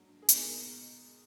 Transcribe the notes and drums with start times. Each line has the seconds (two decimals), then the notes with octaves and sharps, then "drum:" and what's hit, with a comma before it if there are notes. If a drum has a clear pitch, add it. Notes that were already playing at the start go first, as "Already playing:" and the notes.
Already playing: G#2 F#3 A#3 D4
0.22 G#4
0.29 B2 G#3 D#4 A#4, drum: hi-hat